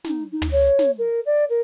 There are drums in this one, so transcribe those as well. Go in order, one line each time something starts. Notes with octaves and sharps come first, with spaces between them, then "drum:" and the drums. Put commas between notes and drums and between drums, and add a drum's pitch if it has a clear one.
D#4, drum: snare
D#4
drum: tom
C#5
drum: snare
A#4
D5
A#4